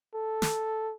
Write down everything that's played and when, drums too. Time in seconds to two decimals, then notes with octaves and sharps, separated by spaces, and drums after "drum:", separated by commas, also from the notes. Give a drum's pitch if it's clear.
0.14 A4
0.42 drum: snare